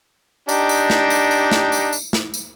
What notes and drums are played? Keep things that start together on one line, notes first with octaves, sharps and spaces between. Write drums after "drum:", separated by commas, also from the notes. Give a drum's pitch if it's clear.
D4 D#4 G4, drum: tambourine
drum: tambourine
drum: snare
drum: tambourine
drum: tambourine
drum: snare
drum: tambourine
drum: tambourine
drum: snare
drum: tambourine